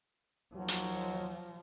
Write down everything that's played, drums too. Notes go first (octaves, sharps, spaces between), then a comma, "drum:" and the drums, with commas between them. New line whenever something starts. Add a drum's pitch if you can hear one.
D#2 F3 F#3
drum: hi-hat